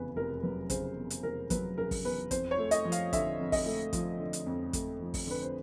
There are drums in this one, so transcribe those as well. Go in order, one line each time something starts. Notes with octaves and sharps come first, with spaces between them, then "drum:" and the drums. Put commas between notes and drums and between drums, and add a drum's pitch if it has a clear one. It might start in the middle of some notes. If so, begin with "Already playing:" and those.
Already playing: F1 E2 C#3 B4
F1 A#4
F#3 B4
C#3 C5, drum: kick, hi-hat
E2
drum: hi-hat
F1 A#4
F#3 B4, drum: kick, hi-hat
C#3 A#4
drum: kick, open hi-hat
E2 B4
F2 C5, drum: kick, hi-hat
C#5
A3
D#5, drum: hi-hat
F3
F5, drum: hi-hat
D3 E5, drum: kick, hi-hat
F2
D#5, drum: kick, open hi-hat
A3
F3, drum: kick, hi-hat
D3
drum: hi-hat
F2
A3, drum: kick, hi-hat
F3
drum: kick, open hi-hat
D3 B4
C5